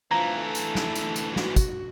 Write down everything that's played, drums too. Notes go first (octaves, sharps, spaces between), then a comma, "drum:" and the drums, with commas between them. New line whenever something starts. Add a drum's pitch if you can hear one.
D2 E3 F3 A#5
A4
drum: tambourine
drum: snare
drum: tambourine
drum: tambourine
F#4, drum: snare
drum: kick, tambourine